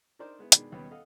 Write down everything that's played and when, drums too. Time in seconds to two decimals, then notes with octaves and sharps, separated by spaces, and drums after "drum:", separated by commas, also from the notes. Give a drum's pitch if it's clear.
0.19 D4 D#4 A#4 C5 D5 C6
0.39 G#3 B3 E4
0.52 B2 D#3 G#3 D4, drum: hi-hat
0.72 D#2 B2 G3 B3 C#4
0.91 A4 D#5 F5 F#5